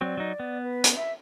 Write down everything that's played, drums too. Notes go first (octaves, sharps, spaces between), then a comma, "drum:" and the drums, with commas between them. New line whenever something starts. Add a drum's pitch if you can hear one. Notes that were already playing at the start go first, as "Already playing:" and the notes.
F#3 C4 D5
F#3 D#4
B3
B4
drum: hi-hat
E5